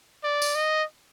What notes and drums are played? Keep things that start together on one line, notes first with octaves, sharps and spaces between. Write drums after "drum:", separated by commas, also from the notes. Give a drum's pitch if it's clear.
D5
drum: tambourine
D#5